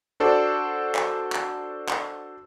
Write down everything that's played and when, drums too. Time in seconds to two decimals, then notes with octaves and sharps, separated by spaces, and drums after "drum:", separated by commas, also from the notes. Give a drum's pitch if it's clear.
0.20 D4 F#4 A4 C5 D5
0.95 drum: clap
1.32 drum: clap
1.89 drum: clap